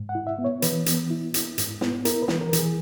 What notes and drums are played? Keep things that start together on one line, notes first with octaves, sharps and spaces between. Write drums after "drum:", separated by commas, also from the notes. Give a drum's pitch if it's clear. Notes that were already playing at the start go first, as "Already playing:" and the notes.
Already playing: G#2
F#5
E4
E5
B3
C#5
E3 B4, drum: hi-hat
B3, drum: hi-hat
E4
E4, drum: hi-hat
G#2, drum: hi-hat
B3, drum: snare
E4 A#4, drum: hi-hat
B4
E3, drum: snare
A#4
E3, drum: hi-hat
G#4